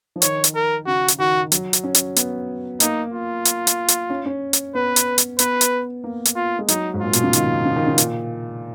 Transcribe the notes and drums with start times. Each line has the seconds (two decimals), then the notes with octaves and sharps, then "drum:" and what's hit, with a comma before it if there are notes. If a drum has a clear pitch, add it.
0.16 F3
0.22 D#3 C#5, drum: hi-hat
0.44 drum: hi-hat
0.55 A#4
0.86 C#3 F#4
1.08 drum: hi-hat
1.19 D#3 F#4
1.52 F#3, drum: hi-hat
1.73 drum: hi-hat
1.84 C#4
1.95 drum: hi-hat
2.16 B3, drum: hi-hat
2.80 A#3 D#4, drum: hi-hat
3.13 F4
3.45 drum: hi-hat
3.67 drum: hi-hat
3.88 drum: hi-hat
4.10 C#4
4.26 C#4
4.53 drum: hi-hat
4.75 B3 B4
4.96 drum: hi-hat
5.18 drum: hi-hat
5.39 B3 B4, drum: hi-hat
5.61 drum: hi-hat
6.04 A#3
6.25 drum: hi-hat
6.36 F4
6.59 G#3
6.68 F#3 D#4, drum: hi-hat
6.94 G#2
7.01 A#2 F4
7.13 B2, drum: hi-hat
7.23 C#3
7.33 D#3, drum: hi-hat
7.65 C#3
7.76 D#3
7.87 C#3
7.98 A#2, drum: hi-hat